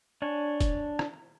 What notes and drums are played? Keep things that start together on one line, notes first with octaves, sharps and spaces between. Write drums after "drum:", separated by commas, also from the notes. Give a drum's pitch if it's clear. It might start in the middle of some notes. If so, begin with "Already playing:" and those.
D4 C#5 G#5
drum: kick, hi-hat
drum: rim click